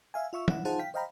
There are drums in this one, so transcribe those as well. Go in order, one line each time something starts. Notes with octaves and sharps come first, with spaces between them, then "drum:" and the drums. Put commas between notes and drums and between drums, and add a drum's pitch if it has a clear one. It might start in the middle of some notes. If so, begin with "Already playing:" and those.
E5 F5 G#5
F4 E5 C#6 E6
E4 F#5, drum: tom
D#4 F4 G#4 C5 F#5 A5
F5 G5 B6
C5 D#5 F5 G5 A#5 B5